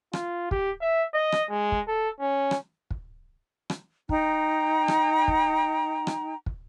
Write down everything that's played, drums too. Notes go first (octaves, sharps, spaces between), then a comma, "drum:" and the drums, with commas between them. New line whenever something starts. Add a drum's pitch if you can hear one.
F4, drum: rim click
G4, drum: kick
E5
D#5
drum: rim click
G#3
drum: kick
A4
C#4
drum: rim click
drum: kick
drum: rim click
D#4 G5 A#5, drum: kick
drum: rim click
drum: kick
drum: rim click
drum: kick